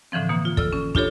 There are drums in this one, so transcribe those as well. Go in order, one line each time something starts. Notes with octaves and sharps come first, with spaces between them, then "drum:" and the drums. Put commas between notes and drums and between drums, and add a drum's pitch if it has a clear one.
A2 D3 E3 F3 C4
B2 E3 A#3
F4
A4 D5 E6 F6, drum: kick
C#4
D4 F4 G4 A4 C#5, drum: kick